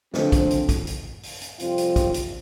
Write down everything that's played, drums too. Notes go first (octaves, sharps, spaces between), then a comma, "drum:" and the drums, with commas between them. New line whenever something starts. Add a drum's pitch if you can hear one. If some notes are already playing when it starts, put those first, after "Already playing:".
D3 F3 C4, drum: snare
drum: kick, hi-hat
drum: hi-hat
drum: kick, hi-hat
drum: hi-hat
drum: open hi-hat
drum: hi-hat
F2 C3 G3 C4 F4, drum: hi-hat
drum: hi-hat
drum: kick, hi-hat
drum: hi-hat